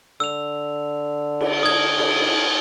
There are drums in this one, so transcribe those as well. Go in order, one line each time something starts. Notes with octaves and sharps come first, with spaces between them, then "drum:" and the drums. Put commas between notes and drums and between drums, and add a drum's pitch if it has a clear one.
D3 E6 F7
drum: cymbal
D#6 G#6
drum: cymbal